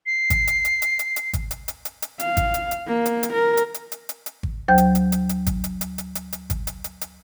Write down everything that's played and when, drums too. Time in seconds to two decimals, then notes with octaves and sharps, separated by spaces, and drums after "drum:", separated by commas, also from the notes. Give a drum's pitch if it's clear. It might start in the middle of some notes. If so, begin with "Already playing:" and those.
0.06 C7
0.30 drum: kick G#1, hi-hat
0.47 drum: hi-hat
0.65 drum: hi-hat
0.82 drum: hi-hat
0.99 drum: hi-hat
1.16 drum: hi-hat
1.33 drum: kick G#1, hi-hat
1.51 drum: hi-hat
1.68 drum: hi-hat
1.85 drum: hi-hat
2.02 drum: hi-hat
2.20 F5, drum: hi-hat
2.37 drum: kick G#1, hi-hat
2.54 drum: hi-hat
2.71 drum: hi-hat
2.87 A#3
3.06 drum: hi-hat
3.23 drum: hi-hat
3.33 A#4
3.57 drum: hi-hat
3.74 drum: hi-hat
3.92 drum: hi-hat
4.09 drum: hi-hat
4.26 drum: hi-hat
4.43 drum: kick G#1
4.68 D2 F#3 C5 G5 G6
4.78 drum: hi-hat
4.95 drum: hi-hat
5.12 drum: hi-hat
5.29 drum: hi-hat
5.46 drum: kick G#1, hi-hat
5.64 drum: hi-hat
5.81 drum: hi-hat
5.98 drum: hi-hat
6.15 drum: hi-hat
6.33 drum: hi-hat
6.50 drum: kick G#1, hi-hat
6.67 drum: hi-hat
6.84 drum: hi-hat
7.01 drum: hi-hat